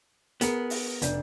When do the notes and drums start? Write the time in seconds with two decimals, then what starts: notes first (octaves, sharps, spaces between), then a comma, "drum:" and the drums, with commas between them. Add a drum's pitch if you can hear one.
0.41 B3 G#4 A#4 C#7, drum: hi-hat
0.70 drum: open hi-hat
1.02 F1 D4 G6, drum: hi-hat